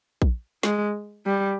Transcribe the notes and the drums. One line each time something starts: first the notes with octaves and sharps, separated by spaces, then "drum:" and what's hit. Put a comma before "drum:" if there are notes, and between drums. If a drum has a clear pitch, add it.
drum: kick A#1
G#3, drum: snare
G3